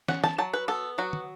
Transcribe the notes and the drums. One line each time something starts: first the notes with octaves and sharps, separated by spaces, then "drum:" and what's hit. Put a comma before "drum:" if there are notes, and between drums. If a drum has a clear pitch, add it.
C#4 F#5, drum: snare
A5, drum: snare
F#3 A5
B4
B3 A4
F#3 F#4
drum: tom